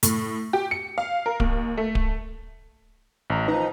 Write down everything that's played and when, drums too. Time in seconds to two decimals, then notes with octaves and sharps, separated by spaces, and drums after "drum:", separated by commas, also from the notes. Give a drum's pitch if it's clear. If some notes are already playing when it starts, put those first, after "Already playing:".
0.03 A2, drum: hi-hat
0.53 G4
0.71 C#7
0.98 F5
1.26 A#4
1.40 D#2, drum: kick D1
1.77 A3
1.95 drum: kick D1
3.30 A1 A#5
3.48 D#3 F3 D#4 B4 A#5